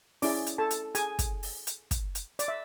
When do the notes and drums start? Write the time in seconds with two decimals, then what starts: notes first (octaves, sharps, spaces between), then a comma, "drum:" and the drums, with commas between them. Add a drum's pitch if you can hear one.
0.22 C#4 E4 G#4 D5 D6, drum: open hi-hat
0.46 drum: hi-hat
0.58 A4 A5
0.70 drum: hi-hat
0.95 G#4 G#5, drum: hi-hat
1.19 drum: kick, hi-hat
1.43 drum: open hi-hat
1.67 drum: hi-hat
1.91 drum: kick, hi-hat
2.15 drum: hi-hat
2.39 D5, drum: hi-hat
2.48 E5